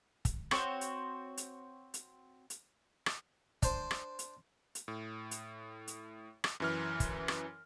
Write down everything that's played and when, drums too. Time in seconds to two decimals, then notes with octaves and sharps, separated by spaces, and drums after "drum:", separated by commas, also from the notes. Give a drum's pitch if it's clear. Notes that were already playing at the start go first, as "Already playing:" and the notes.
0.25 drum: kick, hi-hat
0.51 C4 F#4 C5 C#5, drum: rim click
0.81 drum: hi-hat
1.37 drum: hi-hat
1.94 drum: hi-hat
2.50 drum: hi-hat
3.06 drum: rim click
3.62 D4 C5, drum: kick, hi-hat
3.91 drum: rim click
4.19 drum: hi-hat
4.75 drum: hi-hat
4.88 A2
5.31 drum: hi-hat
5.88 drum: hi-hat
6.44 drum: rim click
6.60 F#2 E3 F6
7.00 drum: kick, hi-hat
7.28 drum: rim click